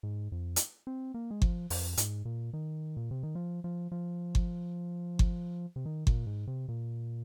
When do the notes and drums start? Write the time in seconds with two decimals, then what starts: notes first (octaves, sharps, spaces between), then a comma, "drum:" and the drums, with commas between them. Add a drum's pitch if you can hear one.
0.03 G#2
0.32 F2
0.56 drum: hi-hat
0.87 C4
1.14 A#3
1.31 G#3
1.42 F3, drum: kick G1
1.70 F2, drum: open hi-hat
1.97 G#2, drum: hi-hat
2.25 A#2
2.53 D#3
2.97 A#2
3.11 C3
3.23 D#3
3.35 F3
3.64 F3
3.92 F3
4.35 drum: kick G1
5.19 drum: kick G1
5.76 C3
5.86 D#3
6.07 A#2, drum: kick G1
6.27 G#2
6.47 C3
6.68 A#2